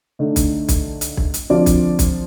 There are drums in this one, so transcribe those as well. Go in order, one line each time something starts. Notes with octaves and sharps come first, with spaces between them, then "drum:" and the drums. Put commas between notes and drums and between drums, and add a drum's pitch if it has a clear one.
D3 A3 D#4
drum: kick, hi-hat
drum: kick, hi-hat
drum: hi-hat
drum: kick
drum: hi-hat
D3 F3 C4 F4 D5
drum: kick, hi-hat
drum: kick, hi-hat